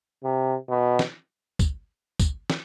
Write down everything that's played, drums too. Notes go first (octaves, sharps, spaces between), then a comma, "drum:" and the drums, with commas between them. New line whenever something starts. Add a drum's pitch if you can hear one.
C3
B2
drum: snare
drum: kick, tambourine
drum: kick, tambourine
drum: snare